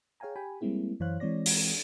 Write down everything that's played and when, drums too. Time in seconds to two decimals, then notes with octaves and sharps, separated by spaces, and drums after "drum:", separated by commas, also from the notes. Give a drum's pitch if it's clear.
0.20 G#4 C#5 F5 G5 G#5 A#5
0.36 G4 G5 G#5 B5
0.61 G3 G#3 A#3 C4 E4 G#4
1.00 F#2 E3 C5 C#5 F5 F#6
1.20 E3 G#3 C4 C#5 D5 A#6
1.46 drum: open hi-hat